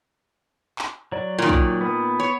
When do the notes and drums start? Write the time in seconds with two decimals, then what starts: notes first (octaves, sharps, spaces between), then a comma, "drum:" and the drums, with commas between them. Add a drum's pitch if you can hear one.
0.79 drum: clap
1.12 F#3 D5
1.38 A#2 D#3
1.49 drum: kick A#1
1.81 B3 D#6
2.20 C#5